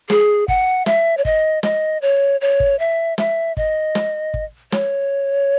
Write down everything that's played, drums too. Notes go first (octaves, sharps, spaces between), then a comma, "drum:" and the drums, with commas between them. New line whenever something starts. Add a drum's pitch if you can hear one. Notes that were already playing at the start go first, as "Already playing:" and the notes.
G#4, drum: snare
F#5, drum: kick
E5, drum: snare
C#5
D#5, drum: kick
D#5, drum: snare
C#5
C#5
drum: kick
E5
E5, drum: snare
D#5, drum: kick
drum: snare
drum: kick
C#5, drum: snare